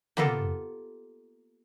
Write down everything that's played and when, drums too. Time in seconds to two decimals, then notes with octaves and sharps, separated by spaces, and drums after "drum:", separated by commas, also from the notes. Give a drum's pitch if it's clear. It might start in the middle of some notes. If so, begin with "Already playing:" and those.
0.17 A#3 B3 F4 G4 A4 A#4, drum: tom